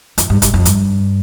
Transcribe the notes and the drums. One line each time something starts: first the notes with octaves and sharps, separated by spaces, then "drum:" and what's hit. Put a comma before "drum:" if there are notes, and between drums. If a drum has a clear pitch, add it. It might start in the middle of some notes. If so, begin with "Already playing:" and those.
F2, drum: hi-hat
G2
G2, drum: kick, hi-hat
F2
G2, drum: hi-hat